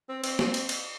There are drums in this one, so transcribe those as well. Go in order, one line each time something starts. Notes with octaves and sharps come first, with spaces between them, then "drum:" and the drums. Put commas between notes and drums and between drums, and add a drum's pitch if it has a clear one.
C4
C4, drum: cymbal
drum: snare
drum: cymbal
drum: cymbal